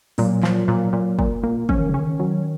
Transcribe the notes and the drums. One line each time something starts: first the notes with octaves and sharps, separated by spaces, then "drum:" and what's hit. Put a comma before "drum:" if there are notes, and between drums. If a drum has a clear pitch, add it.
A#2 F#3, drum: open hi-hat
F3, drum: clap
A#2
A#2
A#2, drum: kick
A#3
F3 C#4, drum: kick
D#3
C#3 C#4
D#3
F#3